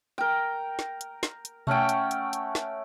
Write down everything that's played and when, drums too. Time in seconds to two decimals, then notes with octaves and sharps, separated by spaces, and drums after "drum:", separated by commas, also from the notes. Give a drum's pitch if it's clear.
0.18 A#4 G5
0.79 drum: snare
1.01 drum: hi-hat
1.23 drum: snare
1.45 drum: hi-hat
1.67 A3 C#4 F#5 G5, drum: tom B2
1.89 drum: hi-hat
2.11 drum: hi-hat
2.33 drum: hi-hat
2.55 drum: snare